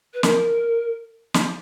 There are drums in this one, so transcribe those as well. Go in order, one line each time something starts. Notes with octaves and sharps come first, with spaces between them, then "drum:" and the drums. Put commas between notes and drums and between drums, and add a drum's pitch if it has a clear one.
B4
A#4, drum: snare
drum: snare